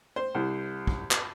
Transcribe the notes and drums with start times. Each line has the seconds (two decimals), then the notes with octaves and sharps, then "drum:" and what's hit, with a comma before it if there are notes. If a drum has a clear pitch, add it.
0.16 C5
0.35 C2
0.87 drum: kick
1.11 drum: clap